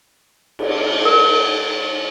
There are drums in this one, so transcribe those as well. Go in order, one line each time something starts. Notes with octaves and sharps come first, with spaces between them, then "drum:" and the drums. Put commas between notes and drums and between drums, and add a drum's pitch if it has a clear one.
drum: cymbal
A#4